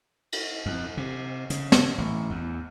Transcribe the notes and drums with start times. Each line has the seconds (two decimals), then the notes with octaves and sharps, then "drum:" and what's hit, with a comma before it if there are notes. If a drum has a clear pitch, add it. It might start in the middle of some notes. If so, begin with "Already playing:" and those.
0.32 drum: cymbal
0.66 F2
0.97 C3
1.50 C#3, drum: hi-hat
1.72 drum: snare
1.98 A1
2.30 E2